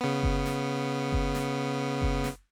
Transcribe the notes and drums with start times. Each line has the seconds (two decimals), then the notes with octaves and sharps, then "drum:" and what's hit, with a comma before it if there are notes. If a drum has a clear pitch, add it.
0.01 C#3 B3
0.23 drum: kick F#1
0.45 drum: snare
1.12 drum: kick F#1
1.35 drum: snare
2.02 drum: kick F#1
2.24 drum: snare